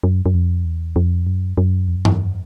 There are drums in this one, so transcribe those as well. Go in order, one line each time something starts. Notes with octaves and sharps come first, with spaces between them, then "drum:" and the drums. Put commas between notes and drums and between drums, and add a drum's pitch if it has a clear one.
F#2
F#2
F2
E2
F2
F#2
F#2
F2
F#2
F2, drum: tom G2